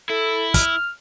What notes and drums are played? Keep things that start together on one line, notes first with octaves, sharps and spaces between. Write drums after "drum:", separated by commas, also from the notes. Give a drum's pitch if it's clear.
E4 A4
F6, drum: kick, hi-hat